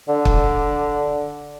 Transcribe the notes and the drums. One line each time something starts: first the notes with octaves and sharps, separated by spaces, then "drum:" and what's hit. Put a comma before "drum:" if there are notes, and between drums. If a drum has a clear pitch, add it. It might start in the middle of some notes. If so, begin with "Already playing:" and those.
D3
drum: kick